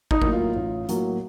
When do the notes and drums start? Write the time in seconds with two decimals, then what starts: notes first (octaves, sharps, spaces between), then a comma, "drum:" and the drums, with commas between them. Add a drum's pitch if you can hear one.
0.11 D#4, drum: kick
0.22 A2 F#3 A#3, drum: kick
0.33 F4
0.56 A1
0.89 A2 F#3 A#3, drum: hi-hat